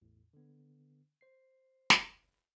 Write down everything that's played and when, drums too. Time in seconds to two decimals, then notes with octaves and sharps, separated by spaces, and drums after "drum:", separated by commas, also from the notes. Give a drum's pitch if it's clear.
0.01 A1 E2 A2
0.33 D3 B3
1.21 C5 C7
1.90 drum: snare